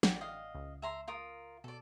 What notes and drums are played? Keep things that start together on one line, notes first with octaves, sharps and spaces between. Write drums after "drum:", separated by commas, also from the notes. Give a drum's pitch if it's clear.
A1 D5 F#5 G5, drum: snare
D#5 F5
C#2
E5 A#5 C6
F4 A#4 D#6
B2 A4 D5